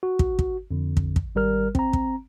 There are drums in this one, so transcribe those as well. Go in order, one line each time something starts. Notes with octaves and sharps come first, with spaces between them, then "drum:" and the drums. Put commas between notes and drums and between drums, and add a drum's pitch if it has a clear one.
F#4
drum: kick
drum: kick
F2 D3
drum: kick
drum: kick
G#1 G3 A#4 F6
C4 A#5, drum: kick
drum: kick